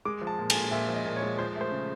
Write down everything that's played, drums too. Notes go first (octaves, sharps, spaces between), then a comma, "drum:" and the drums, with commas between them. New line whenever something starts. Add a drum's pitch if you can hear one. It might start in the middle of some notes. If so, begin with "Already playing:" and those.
G#3 D6
F3
A5
A#2
G#5, drum: cymbal
A#2
A#2 E5
F3
D#5
A#2
C#5
G#3
F3 C5
A3
C5
C#3